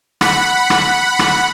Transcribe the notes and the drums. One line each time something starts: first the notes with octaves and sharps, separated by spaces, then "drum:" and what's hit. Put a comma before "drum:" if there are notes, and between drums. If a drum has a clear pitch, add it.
F#5 B5, drum: rim click
drum: rim click
drum: rim click